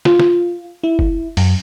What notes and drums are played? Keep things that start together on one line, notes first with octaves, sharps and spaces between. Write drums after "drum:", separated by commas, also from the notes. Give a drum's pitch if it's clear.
F4, drum: snare
drum: snare
E4
drum: kick
F#2, drum: open hi-hat